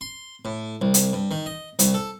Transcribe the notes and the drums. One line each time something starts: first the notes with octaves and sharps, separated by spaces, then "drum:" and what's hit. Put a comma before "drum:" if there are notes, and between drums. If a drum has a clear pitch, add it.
C6
A2
C2
drum: hi-hat
G2
D#3
D#5
C2, drum: hi-hat
A4